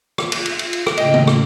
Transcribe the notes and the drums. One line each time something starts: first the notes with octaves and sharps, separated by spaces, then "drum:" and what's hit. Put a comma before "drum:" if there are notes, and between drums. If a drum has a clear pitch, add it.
F4 E5, drum: rim click
drum: cymbal
drum: cymbal
drum: cymbal
drum: cymbal
drum: rim click
A2 C#3 A3 D#5 G5, drum: cymbal
drum: tom D#3
drum: rim click